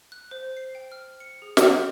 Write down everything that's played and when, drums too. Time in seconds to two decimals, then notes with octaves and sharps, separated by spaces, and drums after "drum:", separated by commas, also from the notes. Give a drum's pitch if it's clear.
0.12 F#6
0.31 C5
0.57 C7
0.75 G5
0.92 F6
1.20 C#7
1.42 G#4
1.57 A4, drum: snare
1.71 G6